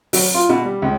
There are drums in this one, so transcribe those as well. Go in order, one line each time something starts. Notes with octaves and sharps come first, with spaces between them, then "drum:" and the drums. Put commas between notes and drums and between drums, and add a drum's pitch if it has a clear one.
F#3, drum: open hi-hat
F4
B2
G3
C#2